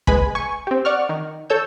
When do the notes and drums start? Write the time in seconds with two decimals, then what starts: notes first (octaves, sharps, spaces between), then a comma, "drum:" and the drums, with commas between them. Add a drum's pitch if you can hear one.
0.07 C2 G#3 B4 G#5 B5, drum: kick
0.35 G#5 C#6
0.67 C4 G4
0.85 D5 F#5 C#6 F6
1.09 D#3
1.50 A4 C#5 E6 G6